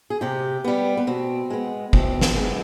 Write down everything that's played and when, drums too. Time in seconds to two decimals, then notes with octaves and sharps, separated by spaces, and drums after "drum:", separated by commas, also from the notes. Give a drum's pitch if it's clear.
0.10 G#4
0.21 C3 G4
0.64 G3 B3
0.97 B3
1.07 B2 C4
1.50 G#3 B3
1.93 B2 C4, drum: kick F#1
2.21 drum: snare
2.35 G#3 B3